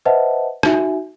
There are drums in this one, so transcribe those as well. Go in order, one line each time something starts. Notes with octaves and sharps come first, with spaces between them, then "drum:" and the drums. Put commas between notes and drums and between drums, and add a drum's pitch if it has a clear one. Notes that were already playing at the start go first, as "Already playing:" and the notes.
B4 C5 D#5 E5 F#5 A5
D#4 F#4 E5 G#5, drum: rim click